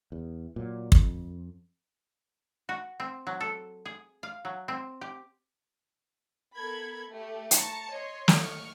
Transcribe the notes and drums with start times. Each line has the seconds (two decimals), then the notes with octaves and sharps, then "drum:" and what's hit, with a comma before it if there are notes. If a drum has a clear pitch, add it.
0.12 E2
0.56 A#2 F#3
0.92 F2, drum: kick
2.69 F#4
3.00 C4
3.27 F#3
3.40 A4
3.85 G#4
4.23 F5
4.45 F#3
4.68 C4
5.01 G4
6.56 B3 A4 A#4 B5 G#6
7.08 A3 G4
7.51 A5 A#5 C#6 C#7, drum: hi-hat
7.93 C#5 D#5 C6
8.28 drum: snare
8.40 C#6 F6